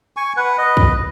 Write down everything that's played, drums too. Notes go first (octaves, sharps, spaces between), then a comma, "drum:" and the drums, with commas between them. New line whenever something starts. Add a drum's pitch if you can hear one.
G#5 C#6
B4 F#5
B4 D#5
drum: kick